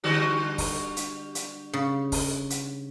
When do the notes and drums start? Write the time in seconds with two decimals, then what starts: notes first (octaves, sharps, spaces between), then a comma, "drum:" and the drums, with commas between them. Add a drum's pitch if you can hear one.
0.04 D3 G3 F#4
0.58 drum: kick, open hi-hat
0.97 drum: hi-hat
1.35 drum: hi-hat
1.73 C#3
2.12 drum: kick, open hi-hat
2.50 drum: hi-hat